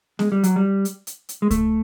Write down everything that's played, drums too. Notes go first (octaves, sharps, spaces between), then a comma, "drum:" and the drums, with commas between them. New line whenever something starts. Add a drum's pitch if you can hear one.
G#3, drum: snare B3
G3
F#3, drum: hi-hat
G3
drum: hi-hat
drum: hi-hat
drum: hi-hat
G#3
A3, drum: kick C#2, hi-hat